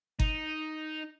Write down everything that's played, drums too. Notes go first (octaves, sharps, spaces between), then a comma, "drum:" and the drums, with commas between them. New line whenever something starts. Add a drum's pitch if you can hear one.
D#4, drum: kick G1